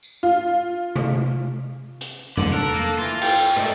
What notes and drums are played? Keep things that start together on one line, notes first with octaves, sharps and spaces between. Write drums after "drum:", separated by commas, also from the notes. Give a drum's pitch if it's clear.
drum: tambourine
F4
drum: tom C3
drum: hi-hat
D3, drum: tom
A4 A#4 F#6
A#3
E3 F4
G5, drum: cymbal
G#2 B2 A3 D#4 D5, drum: rim click